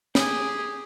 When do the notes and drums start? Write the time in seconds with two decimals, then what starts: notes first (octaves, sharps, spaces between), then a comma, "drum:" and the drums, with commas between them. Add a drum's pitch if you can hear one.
0.15 G4 G#4, drum: snare